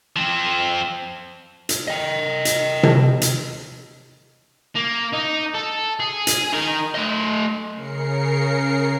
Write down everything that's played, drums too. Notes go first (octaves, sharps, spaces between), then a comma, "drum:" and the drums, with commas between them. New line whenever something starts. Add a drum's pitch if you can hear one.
F3 C4
drum: hi-hat
D#5 G5
drum: hi-hat
drum: tom C3
drum: hi-hat
A#3
D#4
A4
G#4
drum: hi-hat
D#4 A#4
A3 D#5
C#3 A#4 C7 C#7